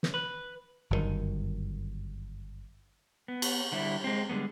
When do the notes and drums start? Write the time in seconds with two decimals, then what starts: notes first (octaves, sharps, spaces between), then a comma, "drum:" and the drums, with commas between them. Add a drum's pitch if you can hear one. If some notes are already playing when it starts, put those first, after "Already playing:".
0.03 drum: snare
0.14 B4
0.90 G1 F#2 A2 D#3
3.28 B3
3.42 drum: cymbal
3.72 D3 G3 E4
4.04 G#3 C4
4.29 D3 G3 G#3 B3